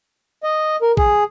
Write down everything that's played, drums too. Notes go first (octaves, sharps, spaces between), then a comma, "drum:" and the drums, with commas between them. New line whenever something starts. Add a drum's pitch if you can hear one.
D#5
A#4
G#4, drum: kick A#1